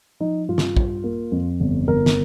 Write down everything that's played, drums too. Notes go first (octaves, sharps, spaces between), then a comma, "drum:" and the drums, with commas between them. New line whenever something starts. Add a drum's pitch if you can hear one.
F3 D#4
G2 F4
drum: snare
G2, drum: kick
A#3
F2
G1
G1 A#4
drum: snare